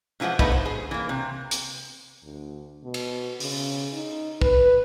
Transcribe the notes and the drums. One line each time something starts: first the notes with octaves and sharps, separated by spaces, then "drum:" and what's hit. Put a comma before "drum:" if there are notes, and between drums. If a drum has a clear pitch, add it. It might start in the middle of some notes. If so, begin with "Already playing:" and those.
A#2 E3 F3 G#3 F#5
G#3 A3 B3 D4 D#4 B4, drum: kick
C5
G#4
E3 A#3
C3
drum: hi-hat
D2
B2
drum: cymbal
C#3, drum: open hi-hat
D#4
B4, drum: kick